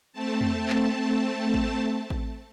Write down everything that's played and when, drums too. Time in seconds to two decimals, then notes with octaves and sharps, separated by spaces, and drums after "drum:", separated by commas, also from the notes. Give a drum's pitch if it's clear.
0.13 A3 C4 A5
0.41 drum: tom
0.69 drum: clap
1.54 drum: kick A1
2.10 drum: kick A1